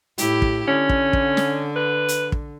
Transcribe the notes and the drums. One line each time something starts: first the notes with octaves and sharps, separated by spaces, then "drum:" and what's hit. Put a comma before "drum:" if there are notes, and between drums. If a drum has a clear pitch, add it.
A2 E4 G4, drum: hi-hat
drum: kick
D3 C#4
drum: kick
drum: kick
drum: snare
B4
drum: hi-hat
drum: kick